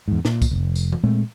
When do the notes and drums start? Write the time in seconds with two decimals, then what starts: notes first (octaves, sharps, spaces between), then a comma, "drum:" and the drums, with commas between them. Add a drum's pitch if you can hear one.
0.08 E2 G#2
0.25 A#2, drum: snare
0.42 drum: kick C2, tambourine
0.51 F1
0.76 drum: tambourine
0.92 drum: tom E3
1.03 A#2 G#3 A3 C4